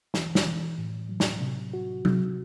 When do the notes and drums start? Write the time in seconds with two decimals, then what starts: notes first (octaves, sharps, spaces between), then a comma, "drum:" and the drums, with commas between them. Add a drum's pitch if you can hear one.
0.14 E3, drum: snare
0.35 drum: snare
0.46 E3
0.78 A2
1.09 F#3
1.20 drum: snare
1.41 C3
1.74 F#4
2.05 C3, drum: tom F#3